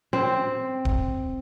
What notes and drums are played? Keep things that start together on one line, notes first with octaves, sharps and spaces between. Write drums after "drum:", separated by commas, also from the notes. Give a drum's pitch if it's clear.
C4
drum: kick D1